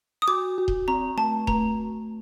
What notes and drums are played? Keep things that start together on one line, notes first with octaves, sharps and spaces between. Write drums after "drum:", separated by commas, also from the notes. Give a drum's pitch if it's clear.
D#6
F#4 D6
F#4
drum: kick D#1
C4 A#5
A3 A5
A3 A#5, drum: kick D#1